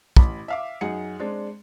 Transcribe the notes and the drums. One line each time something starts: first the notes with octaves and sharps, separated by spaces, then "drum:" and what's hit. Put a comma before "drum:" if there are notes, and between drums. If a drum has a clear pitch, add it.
A1 B5, drum: kick
E5 F5 D6
F#2 D#4 G#4 F#5 C#7
G#3 C4 D4